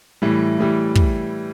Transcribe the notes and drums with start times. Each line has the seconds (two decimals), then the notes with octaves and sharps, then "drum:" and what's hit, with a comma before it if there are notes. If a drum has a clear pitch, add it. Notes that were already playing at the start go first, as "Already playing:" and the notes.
0.22 A2 E3 G3
0.58 A2 E3 G3
0.95 drum: kick